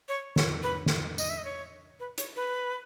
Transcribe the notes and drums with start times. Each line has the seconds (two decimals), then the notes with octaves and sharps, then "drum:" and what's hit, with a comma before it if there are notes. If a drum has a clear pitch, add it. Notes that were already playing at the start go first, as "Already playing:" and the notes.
0.09 C#5
0.36 C#5, drum: snare
0.63 B4
0.86 drum: snare
1.18 D#5, drum: tambourine
1.30 E5
1.38 D#5
1.45 C#5
2.00 B4
2.18 C#5, drum: hi-hat
2.36 B4